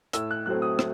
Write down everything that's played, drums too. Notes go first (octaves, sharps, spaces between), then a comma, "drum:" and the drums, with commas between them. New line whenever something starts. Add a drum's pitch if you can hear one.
A2 E6, drum: hi-hat
F#6
F#3 A3 C4 F#6
D#6
drum: rim click